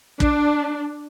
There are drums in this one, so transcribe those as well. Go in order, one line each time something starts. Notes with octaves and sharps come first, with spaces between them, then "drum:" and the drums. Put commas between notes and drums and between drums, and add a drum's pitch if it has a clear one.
D4, drum: kick